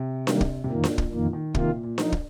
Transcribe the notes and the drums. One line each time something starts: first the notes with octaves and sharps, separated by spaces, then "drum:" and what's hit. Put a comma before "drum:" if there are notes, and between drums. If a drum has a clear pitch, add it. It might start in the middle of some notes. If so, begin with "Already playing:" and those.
Already playing: C3
D#3 G3 A#3, drum: snare D4
drum: kick
C3
F2 A#2 D#3 A#3
drum: snare D4
drum: kick
F2 A#2 D#3 A#3
D#3
C3 D#3 A#3 F4, drum: kick
A#2
A#2
F3 D#4, drum: snare D4
drum: kick